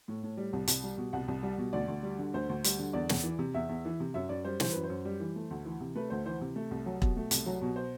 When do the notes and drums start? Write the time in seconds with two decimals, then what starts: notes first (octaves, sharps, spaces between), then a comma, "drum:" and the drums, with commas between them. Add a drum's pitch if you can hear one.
0.08 A2
0.23 A2
0.37 G3
0.53 C2
0.68 C2, drum: hi-hat
0.84 G3
0.97 B2
1.13 C2 F#5
1.28 C2
1.43 G3
1.58 B2
1.73 D2 D5
1.88 D2
2.03 G3
2.19 D3
2.34 D2 C5
2.49 D2
2.64 G3, drum: hi-hat
2.79 D3
2.93 E2 D5
3.09 E2, drum: snare
3.24 E3
3.39 C3
3.54 E2 E5
3.69 E2
3.85 E3
4.00 C3
4.14 F#2 E5
4.29 F#2 D5
4.45 G3 C5
4.60 E3 C5, drum: snare
4.72 F#2 B4
4.83 C5
4.90 F#2
5.05 G3
5.20 E3
5.36 A3
5.51 D2
5.65 E3
5.81 C3
5.95 A3 B4
6.10 D2 C5
6.26 E3 C5
6.41 C3
6.56 A3
6.71 C2
6.86 F#3
7.02 B2, drum: kick E1
7.17 A3
7.31 C2, drum: hi-hat
7.46 F#3
7.62 B2
7.76 C5